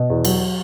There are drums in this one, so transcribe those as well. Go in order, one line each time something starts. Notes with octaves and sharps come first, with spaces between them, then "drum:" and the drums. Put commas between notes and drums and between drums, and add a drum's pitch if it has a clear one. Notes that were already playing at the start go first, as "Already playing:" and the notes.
Already playing: B2
E2
F#3, drum: cymbal